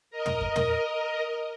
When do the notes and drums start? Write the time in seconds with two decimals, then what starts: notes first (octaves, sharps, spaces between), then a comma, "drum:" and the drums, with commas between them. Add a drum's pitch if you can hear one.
0.11 A#4 D#5
0.26 drum: tom
0.41 drum: kick F#2
0.56 drum: tom